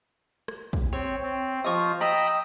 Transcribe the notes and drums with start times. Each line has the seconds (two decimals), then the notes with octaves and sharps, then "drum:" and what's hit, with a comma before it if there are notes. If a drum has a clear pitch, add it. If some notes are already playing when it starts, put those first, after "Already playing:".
0.48 drum: rim click
0.73 drum: kick
0.93 C4 C#5
1.23 C4
1.64 F3 F4 D#5 C#6
2.01 D#5 G5 A#5 B5 E6